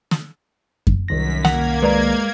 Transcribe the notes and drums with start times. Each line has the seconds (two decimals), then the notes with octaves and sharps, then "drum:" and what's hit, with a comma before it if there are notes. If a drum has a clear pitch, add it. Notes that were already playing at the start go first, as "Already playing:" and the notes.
0.11 drum: snare
0.87 drum: kick F#2
1.08 C2 F#2 D#3 A#6 B6
1.45 A#3 F#5 G#6 F7, drum: snare
1.82 G#3 B4 D5 A#5